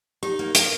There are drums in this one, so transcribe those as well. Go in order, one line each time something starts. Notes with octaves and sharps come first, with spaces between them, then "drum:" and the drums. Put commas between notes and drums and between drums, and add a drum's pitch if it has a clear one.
D#4 G4
A#3
A#3, drum: hi-hat